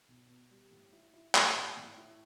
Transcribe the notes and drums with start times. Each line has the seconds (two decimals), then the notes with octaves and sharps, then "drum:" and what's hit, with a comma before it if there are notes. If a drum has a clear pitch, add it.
0.08 B1
0.28 B2
0.50 G3
0.71 A2
0.93 E4
1.13 E4
1.35 G3, drum: clap
1.56 A2
1.77 A2
1.98 E4